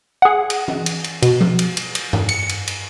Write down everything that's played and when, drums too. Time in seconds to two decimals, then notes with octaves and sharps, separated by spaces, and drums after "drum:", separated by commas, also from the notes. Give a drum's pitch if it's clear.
0.22 G#4 F#5
0.50 drum: cymbal
0.68 drum: tom E3
0.86 drum: cymbal
1.04 drum: cymbal
1.22 B2, drum: cymbal
1.41 drum: tom F3
1.59 drum: cymbal
1.77 drum: cymbal
1.95 drum: cymbal
2.13 drum: tom G2
2.29 C#7, drum: cymbal
2.49 drum: cymbal
2.68 drum: cymbal